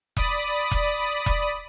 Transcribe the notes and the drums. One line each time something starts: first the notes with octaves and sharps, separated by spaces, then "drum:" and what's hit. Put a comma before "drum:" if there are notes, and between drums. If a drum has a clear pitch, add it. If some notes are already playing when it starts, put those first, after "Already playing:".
D5 B5 D#6, drum: kick E1
drum: kick E1
drum: kick E1